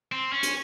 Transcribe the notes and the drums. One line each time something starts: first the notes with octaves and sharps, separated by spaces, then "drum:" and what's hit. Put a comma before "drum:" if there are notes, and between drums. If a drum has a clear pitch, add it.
C4
C#4
drum: hi-hat